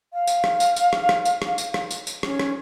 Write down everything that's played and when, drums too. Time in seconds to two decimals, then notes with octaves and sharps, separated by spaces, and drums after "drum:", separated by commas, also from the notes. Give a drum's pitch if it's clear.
0.13 F5
0.27 drum: tambourine
0.44 drum: rim click
0.60 drum: tambourine
0.76 drum: tambourine
0.93 drum: rim click
1.09 drum: rim click
1.25 drum: tambourine
1.42 drum: rim click
1.58 drum: tambourine
1.74 drum: rim click
1.91 drum: tambourine
2.07 drum: tambourine
2.23 C#4, drum: rim click
2.39 drum: rim click